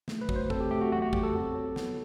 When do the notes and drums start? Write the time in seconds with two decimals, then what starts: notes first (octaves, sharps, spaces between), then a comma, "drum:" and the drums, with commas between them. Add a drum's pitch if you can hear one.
0.08 A3, drum: snare
0.21 B4
0.29 F#3, drum: kick
0.36 C5
0.50 C4 A4, drum: kick
0.60 G4
0.71 A3 G4
0.81 F#4
0.92 E2 F#4
1.02 F#4
1.13 F#3 G4, drum: kick
1.23 A4
1.34 C4
1.56 F#3
1.76 B3, drum: snare